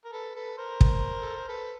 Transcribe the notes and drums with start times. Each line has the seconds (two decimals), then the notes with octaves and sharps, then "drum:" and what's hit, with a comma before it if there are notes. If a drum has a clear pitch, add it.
0.05 A#4
0.13 A4 B4
0.35 A4 B4
0.58 A#4 C5
0.81 drum: kick
1.21 A4
1.35 A#4
1.48 A4 B4